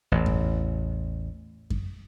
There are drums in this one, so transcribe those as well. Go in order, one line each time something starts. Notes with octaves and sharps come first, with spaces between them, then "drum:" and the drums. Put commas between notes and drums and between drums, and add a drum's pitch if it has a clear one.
A1 E2
drum: kick F#2
drum: kick F#2